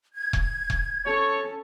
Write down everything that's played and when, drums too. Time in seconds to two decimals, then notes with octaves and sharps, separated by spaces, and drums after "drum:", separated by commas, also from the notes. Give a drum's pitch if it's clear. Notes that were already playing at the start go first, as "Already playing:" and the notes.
0.13 G#6
0.33 drum: kick E1
0.70 drum: kick E1
1.06 C#4 A4 C#5